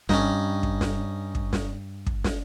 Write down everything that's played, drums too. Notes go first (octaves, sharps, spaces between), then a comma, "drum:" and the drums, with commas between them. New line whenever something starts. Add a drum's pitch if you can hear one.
G2 C#4 D#4, drum: snare
drum: kick
drum: snare
drum: kick
drum: snare
drum: kick
drum: snare